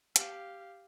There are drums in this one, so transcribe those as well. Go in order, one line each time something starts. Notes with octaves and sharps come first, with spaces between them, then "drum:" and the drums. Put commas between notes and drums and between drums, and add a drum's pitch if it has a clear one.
G4 F5, drum: hi-hat